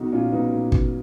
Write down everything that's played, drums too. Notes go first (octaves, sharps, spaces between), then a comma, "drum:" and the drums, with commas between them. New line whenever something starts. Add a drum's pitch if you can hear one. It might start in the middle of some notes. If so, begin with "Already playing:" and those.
Already playing: B1 D#4 F#4
A#2 C#4 F4
B1 B3 D#4
A#2
drum: kick